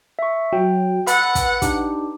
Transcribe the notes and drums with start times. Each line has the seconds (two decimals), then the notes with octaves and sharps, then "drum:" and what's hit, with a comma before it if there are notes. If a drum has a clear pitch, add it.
0.19 E5 C#6
0.53 F#3 G5
1.07 B4 F#5 B5 E6 A6, drum: hi-hat
1.35 drum: kick, hi-hat
1.62 D4 D#4 G4, drum: kick, hi-hat